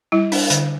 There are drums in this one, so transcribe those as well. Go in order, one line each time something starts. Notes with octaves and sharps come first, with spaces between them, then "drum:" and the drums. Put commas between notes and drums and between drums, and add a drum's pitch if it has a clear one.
G3 E4
D4, drum: open hi-hat
D3, drum: hi-hat